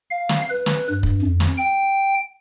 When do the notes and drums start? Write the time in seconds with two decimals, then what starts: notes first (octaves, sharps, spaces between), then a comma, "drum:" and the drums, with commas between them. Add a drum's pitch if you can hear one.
0.11 F5
0.29 drum: snare
0.50 B4
0.66 drum: snare
0.90 G2
1.03 drum: kick
1.22 F2
1.40 drum: snare
1.58 G5